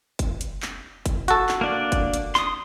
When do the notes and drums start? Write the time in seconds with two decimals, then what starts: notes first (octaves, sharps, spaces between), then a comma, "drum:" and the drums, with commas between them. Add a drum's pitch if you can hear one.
0.19 drum: kick, hi-hat
0.41 drum: hi-hat
0.62 drum: clap
1.06 drum: kick, hi-hat
1.28 F#4 A4, drum: hi-hat
1.49 drum: clap
1.61 A#3 D4 D5
1.92 drum: kick, hi-hat
2.14 drum: hi-hat
2.35 C6 D#6, drum: clap